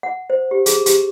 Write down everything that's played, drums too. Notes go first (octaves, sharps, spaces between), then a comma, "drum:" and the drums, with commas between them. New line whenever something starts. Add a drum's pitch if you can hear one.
F#5
C5
G4
G#4, drum: hi-hat
G4, drum: hi-hat